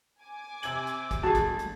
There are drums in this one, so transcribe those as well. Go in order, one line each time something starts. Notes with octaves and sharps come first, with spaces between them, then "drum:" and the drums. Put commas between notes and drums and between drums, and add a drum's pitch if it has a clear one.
G#5 D6
C3 G#6 F#7, drum: hi-hat
drum: hi-hat
drum: kick, hi-hat
G1 F#4 G#4 A5 A6
drum: kick, hi-hat
drum: hi-hat